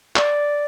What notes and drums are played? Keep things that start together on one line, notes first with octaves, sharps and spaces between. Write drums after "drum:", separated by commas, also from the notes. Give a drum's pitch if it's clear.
D5, drum: clap